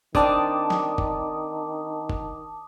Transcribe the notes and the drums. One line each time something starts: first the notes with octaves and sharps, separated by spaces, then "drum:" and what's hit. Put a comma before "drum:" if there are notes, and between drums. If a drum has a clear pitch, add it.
D#3 C4 D4 A5 D6 D#6, drum: kick
drum: snare
drum: kick
drum: kick